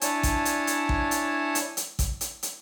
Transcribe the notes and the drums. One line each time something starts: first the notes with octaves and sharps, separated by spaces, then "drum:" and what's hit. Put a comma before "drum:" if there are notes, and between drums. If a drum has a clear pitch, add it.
D4 E4 C#5 G#5 A5, drum: hi-hat
drum: kick, hi-hat
drum: hi-hat
drum: hi-hat
drum: kick
drum: hi-hat
drum: hi-hat
drum: hi-hat
drum: kick, hi-hat
drum: hi-hat
drum: hi-hat